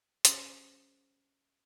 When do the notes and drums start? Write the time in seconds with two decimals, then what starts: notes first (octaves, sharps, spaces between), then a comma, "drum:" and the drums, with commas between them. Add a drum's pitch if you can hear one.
0.25 C#4 G#4 C5 C6, drum: hi-hat